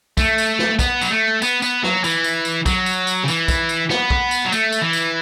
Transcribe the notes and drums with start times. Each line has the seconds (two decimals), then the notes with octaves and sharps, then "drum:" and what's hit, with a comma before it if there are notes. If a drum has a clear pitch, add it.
0.17 A3, drum: kick, tambourine
0.38 drum: tambourine
0.59 drum: snare
0.79 B3, drum: kick, tambourine
1.01 F#3, drum: tambourine
1.10 A3
1.42 B3, drum: tambourine
1.62 B3, drum: tambourine
1.83 F#3, drum: snare
2.04 E3, drum: tambourine
2.24 drum: tambourine
2.45 drum: tambourine
2.66 F#3, drum: kick, tambourine
2.86 drum: tambourine
3.07 drum: tambourine
3.24 C#3
3.28 E3, drum: tambourine
3.48 drum: kick, tambourine
3.69 drum: tambourine
3.90 B3, drum: snare
4.10 drum: kick
4.31 drum: tambourine
4.45 F#3
4.52 A3, drum: tambourine
4.72 drum: tambourine
4.82 E3
4.93 drum: tambourine